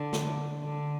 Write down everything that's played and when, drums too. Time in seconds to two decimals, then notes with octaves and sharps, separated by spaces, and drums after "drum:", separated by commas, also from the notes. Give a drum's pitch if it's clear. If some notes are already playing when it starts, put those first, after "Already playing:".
Already playing: D3
0.13 drum: snare
0.63 D3